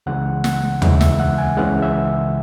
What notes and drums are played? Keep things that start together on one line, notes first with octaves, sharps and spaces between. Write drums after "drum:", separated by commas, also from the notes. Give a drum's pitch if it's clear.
C#2 C#3 E3 G#3 F#5
F#5, drum: snare
C#2 C#3 E3 G#3 E5, drum: tom
E5, drum: snare
F#5
G#5
C#2 C#3 E3 G#3 F#5
E5